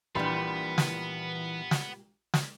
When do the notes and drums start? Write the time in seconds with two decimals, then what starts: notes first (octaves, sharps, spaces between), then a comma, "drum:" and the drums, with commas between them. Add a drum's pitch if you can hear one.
0.15 A#1 A#2 E3 G3 B3 B5 C6
0.78 drum: snare
1.71 drum: snare
2.34 drum: snare